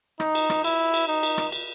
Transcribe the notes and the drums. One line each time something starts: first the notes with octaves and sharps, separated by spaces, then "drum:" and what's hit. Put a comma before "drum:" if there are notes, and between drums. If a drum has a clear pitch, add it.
D#4, drum: rim click
drum: cymbal
drum: rim click
E4, drum: cymbal
drum: cymbal
D#4
drum: cymbal
drum: rim click
drum: cymbal